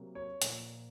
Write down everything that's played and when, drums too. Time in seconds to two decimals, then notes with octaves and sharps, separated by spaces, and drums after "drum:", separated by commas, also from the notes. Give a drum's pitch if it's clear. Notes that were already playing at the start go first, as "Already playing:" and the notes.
Already playing: C3 F#3 A#3
0.15 C#5
0.42 A#2 F3 A#3, drum: hi-hat